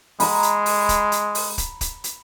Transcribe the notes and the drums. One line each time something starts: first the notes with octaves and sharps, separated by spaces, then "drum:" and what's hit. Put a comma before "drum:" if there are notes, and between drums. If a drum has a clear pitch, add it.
G#3 A#5 B5, drum: open hi-hat
drum: hi-hat
drum: open hi-hat
drum: kick, hi-hat
drum: hi-hat
drum: open hi-hat
drum: kick, hi-hat
drum: kick, hi-hat
drum: hi-hat